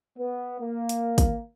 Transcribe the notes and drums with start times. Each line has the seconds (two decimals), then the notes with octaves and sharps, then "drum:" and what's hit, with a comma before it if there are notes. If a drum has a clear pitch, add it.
0.18 B3
0.61 A#3
0.89 drum: hi-hat
1.18 drum: kick, hi-hat